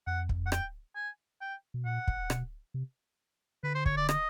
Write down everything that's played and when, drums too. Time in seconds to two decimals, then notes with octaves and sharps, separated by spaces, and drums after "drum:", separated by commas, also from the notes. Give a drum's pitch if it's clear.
0.07 F2 F#5
0.29 drum: kick
0.46 F#5
0.52 G5, drum: rim click
0.96 G#5
1.41 G5
1.74 B2
1.85 A#2 F#5
2.08 drum: kick
2.30 B2, drum: rim click
2.74 C3
3.63 D3 B4
3.75 C5
3.86 C#5, drum: kick
3.97 D5
4.09 D#5, drum: rim click